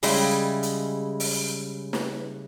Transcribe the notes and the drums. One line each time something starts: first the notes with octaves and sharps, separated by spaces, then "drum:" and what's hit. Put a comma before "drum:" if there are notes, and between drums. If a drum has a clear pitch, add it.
C#3 G3 G#3 E4, drum: open hi-hat
drum: hi-hat
drum: open hi-hat
drum: snare